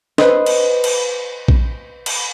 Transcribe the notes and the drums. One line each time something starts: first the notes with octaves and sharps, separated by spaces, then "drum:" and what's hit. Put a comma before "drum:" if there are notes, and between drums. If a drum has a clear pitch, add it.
B4 C5 D#5, drum: snare
drum: cymbal
drum: cymbal
drum: kick A#1
drum: cymbal